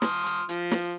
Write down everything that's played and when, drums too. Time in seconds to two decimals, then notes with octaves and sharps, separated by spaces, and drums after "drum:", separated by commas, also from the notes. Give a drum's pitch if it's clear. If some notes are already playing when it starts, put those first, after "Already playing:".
0.02 C6 D#6 F6, drum: snare
0.26 drum: hi-hat
0.49 F3, drum: hi-hat
0.71 drum: snare